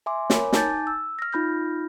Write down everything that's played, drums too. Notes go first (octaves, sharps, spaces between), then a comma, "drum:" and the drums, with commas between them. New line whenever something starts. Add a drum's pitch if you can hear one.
E5 G#5 C6 D6
A#4 C#5 G#5 B5 D6, drum: snare
D#4 G#5 A5 D6 G6 A6, drum: snare
E6
F6 A#6
D#4 F4 B5 F6 G6 A#6